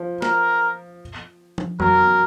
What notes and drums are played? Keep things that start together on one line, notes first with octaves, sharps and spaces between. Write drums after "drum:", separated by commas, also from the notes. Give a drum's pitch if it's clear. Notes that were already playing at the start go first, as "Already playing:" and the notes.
Already playing: F3
A#4, drum: snare
drum: tom
F#3 A#4, drum: tom F2